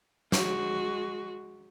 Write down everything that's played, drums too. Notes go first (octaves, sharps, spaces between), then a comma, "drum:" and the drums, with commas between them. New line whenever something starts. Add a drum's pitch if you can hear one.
G#3 F#4, drum: snare